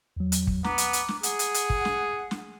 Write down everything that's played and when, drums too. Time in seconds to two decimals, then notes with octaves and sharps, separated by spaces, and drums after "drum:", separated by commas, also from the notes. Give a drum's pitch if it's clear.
0.17 E2 F#3
0.32 drum: hi-hat
0.47 drum: kick
0.64 B3 A#5 D6, drum: snare
0.78 drum: hi-hat
0.93 drum: hi-hat
1.08 drum: snare
1.23 G#4 F#5, drum: hi-hat
1.39 drum: hi-hat
1.54 drum: hi-hat
1.70 drum: kick
1.85 drum: snare
2.31 drum: snare